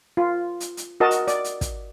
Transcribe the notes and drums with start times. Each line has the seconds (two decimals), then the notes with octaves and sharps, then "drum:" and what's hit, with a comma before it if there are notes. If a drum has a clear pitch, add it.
0.17 F4
0.60 drum: hi-hat
0.77 drum: hi-hat
1.00 F#4 A#4 D#5 A5
1.11 drum: hi-hat
1.28 D5, drum: hi-hat
1.44 drum: hi-hat
1.61 drum: kick, hi-hat